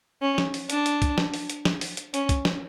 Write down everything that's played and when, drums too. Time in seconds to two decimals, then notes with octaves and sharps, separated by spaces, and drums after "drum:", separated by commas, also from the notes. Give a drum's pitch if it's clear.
0.22 C#4
0.38 drum: snare
0.54 drum: open hi-hat
0.70 D4, drum: hi-hat
0.86 drum: hi-hat
1.02 drum: kick, hi-hat
1.18 drum: snare
1.34 drum: open hi-hat
1.50 drum: hi-hat
1.65 drum: snare
1.81 drum: open hi-hat
1.97 drum: hi-hat
2.14 C#4, drum: hi-hat
2.29 drum: kick, hi-hat
2.45 drum: snare